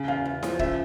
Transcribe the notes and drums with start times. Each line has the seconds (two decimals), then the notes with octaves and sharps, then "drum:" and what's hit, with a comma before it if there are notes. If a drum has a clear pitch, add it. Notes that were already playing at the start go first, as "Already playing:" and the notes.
Already playing: C#3
0.08 E2 F5
0.25 E2
0.43 F3, drum: snare E4
0.59 C#3 E5, drum: kick